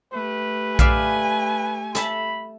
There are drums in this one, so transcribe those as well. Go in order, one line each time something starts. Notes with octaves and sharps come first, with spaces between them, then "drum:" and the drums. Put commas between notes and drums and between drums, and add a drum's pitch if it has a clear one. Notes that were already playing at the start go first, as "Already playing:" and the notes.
A3 G4 B4
D5 E5 F5 G#5, drum: kick A#1
A4 E5 A5 B5, drum: hi-hat